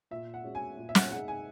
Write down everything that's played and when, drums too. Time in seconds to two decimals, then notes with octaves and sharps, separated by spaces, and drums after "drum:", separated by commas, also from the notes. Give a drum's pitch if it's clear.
0.11 A#2 E5
0.34 F#5
0.44 G#3 C#4 F#4
0.55 G#5
0.77 A#2
0.89 E5
0.95 F#5, drum: snare
1.11 G#3 D#4 G#4 F#5
1.28 G#5